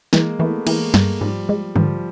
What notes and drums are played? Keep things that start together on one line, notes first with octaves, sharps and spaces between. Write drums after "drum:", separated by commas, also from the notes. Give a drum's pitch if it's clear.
E3 G#3 A#3, drum: snare
E3 A3 B3
E3 G#3 A#3, drum: cymbal
G2, drum: snare
G#2 F3 G3
G#3
G#2 F3 G3, drum: tom D3